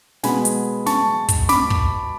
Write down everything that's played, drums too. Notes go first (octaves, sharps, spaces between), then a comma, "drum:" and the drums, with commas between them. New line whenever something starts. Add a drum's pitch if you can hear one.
B2 G#3 B3 G#5 B5, drum: snare
drum: hi-hat
A5 C#6, drum: snare
drum: kick, hi-hat
B5 D6, drum: snare
drum: kick